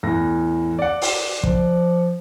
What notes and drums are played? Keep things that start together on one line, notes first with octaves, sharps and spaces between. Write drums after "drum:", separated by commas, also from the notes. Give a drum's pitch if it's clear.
E2 A2 A#6
D5 F#5
drum: open hi-hat
F3, drum: kick